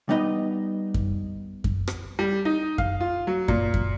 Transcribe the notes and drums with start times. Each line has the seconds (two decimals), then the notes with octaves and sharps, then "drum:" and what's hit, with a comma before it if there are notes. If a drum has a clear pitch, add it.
0.09 G3 B3 D#4 B4 D#5
0.94 drum: kick F#2
1.64 drum: kick F#2
1.88 drum: rim click
2.19 G3
2.45 D#4
2.78 F5, drum: kick F#2
3.01 F4
3.27 F#3
3.48 A#2, drum: kick F#2
3.74 drum: kick F#2